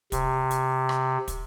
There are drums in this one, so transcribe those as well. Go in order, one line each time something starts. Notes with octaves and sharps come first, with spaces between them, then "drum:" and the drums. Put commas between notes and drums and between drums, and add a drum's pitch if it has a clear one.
C3, drum: kick, hi-hat
drum: hi-hat
drum: rim click
drum: kick, hi-hat